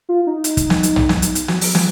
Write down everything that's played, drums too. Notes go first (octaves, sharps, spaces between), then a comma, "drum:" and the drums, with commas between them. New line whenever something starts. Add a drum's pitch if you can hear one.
F4
D#4
drum: hi-hat
drum: kick, hi-hat
drum: snare
drum: hi-hat
drum: tom
drum: snare
drum: hi-hat
drum: hi-hat
F#3, drum: snare
drum: open hi-hat
F3, drum: snare